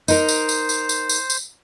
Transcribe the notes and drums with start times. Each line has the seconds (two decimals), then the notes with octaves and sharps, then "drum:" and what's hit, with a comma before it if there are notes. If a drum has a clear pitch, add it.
0.08 D#4 A#4 C5, drum: tambourine
0.28 drum: tambourine
0.49 drum: tambourine
0.69 drum: tambourine
0.89 drum: tambourine
1.09 drum: tambourine
1.30 drum: tambourine